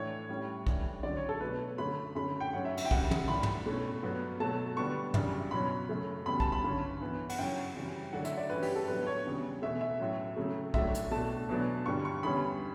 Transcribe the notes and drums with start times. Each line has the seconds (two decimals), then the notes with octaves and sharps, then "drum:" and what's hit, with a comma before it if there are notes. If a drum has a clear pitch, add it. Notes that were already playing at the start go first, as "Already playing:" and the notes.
Already playing: A2 E3 A3 D4 C#5
0.29 A2 G3 C#4
0.67 A2 E3 G3 D4, drum: kick B1
1.03 D3 F#3 C#4 D5
1.17 C#5
1.29 A4
1.41 B2 F#3 A3 B4
1.78 F#2 D3 A3 C#4 B5
2.15 F#2 D3 A3 C#4 B5
2.40 G5
2.53 G2 F#3 C#4 F#5
2.65 E5
2.77 E5, drum: cymbal
2.85 G5
2.91 F#2 D3 G3 F#5, drum: kick B1
3.11 drum: tom
3.28 A2 E3 G3 D4 B5
3.43 drum: tom
3.65 B2 A3 C#4
4.02 G2 F#3 B3 D4
4.40 B2 F#3 A3 A5
4.77 D3 G3 B3 D4 C#6
5.14 F#2 C#3 E3 G3 D4, drum: tom
5.51 B2 F#3 C#4 B5
5.89 F#2 C#3 F#3 A3
6.26 E2 C#3 G3 B5
6.40 A5, drum: kick B1
6.52 B5
6.64 G2 D3 F#3 C#4
7.02 G2 E3 B3
7.30 F#5, drum: cymbal
7.38 F#2 C#3 F#3 C#4 G5
7.76 C#3 E3 G3
8.13 F#2 D3 F#3 A3 D4 F#5
8.25 E5, drum: hi-hat
8.38 D5
8.50 G2 E3 G3 C#4 B4
8.63 G4, drum: open hi-hat
8.76 A4
8.87 A2 F#3 B3 D4 B4
9.07 C#5
9.25 E2 C#3 G3 D4
9.62 E2 B2 A3 E5
9.81 E5
9.99 A2 F#3 C#4
10.36 C#3 F#3 A3
10.74 A2 F#3 A3 D4 E5, drum: kick B1
10.95 drum: hi-hat
11.11 B2 A3 D4 A5
11.49 E2 B2 F#3 B3 D4
11.86 G2 D3 G3 C#6
12.05 C#6
12.23 E2 D3 G3 C#4 B5